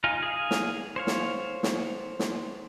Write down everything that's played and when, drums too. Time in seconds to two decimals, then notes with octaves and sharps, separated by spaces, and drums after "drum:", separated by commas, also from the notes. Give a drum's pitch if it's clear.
0.04 D#4 F4 F5 G#5
0.23 G#4 F5
0.51 drum: snare
0.96 C5 C#5 F5
1.07 drum: snare
1.63 drum: snare
2.19 drum: snare